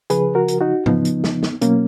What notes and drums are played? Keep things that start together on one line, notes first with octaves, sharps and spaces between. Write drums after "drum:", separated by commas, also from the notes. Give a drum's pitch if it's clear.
C#3 F3 G#4 B4, drum: hi-hat
F#4 A#4
drum: hi-hat
D#4 F#4
C#3 F3 B3 D#4, drum: tom G#2
drum: hi-hat
drum: snare
drum: snare
B2 F#3 A#3 C#4, drum: hi-hat